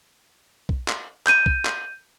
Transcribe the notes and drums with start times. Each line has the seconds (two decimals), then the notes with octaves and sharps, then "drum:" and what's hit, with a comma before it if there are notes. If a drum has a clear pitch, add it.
0.69 drum: kick B1
0.88 drum: clap
1.27 G6 D#7, drum: clap
1.46 drum: kick B1
1.65 drum: clap